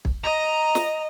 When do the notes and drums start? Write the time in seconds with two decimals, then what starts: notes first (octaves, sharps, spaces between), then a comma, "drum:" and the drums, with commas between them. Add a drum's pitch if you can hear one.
0.05 drum: kick
0.24 D#5 A#5
0.75 drum: snare